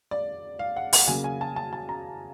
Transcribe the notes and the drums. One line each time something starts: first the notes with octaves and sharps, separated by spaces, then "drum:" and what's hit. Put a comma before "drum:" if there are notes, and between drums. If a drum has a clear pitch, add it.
D5
F5
F#5
F#5, drum: open hi-hat
C#3 F#3 A#3 G#5
G#5
A5
A5
A5
A#5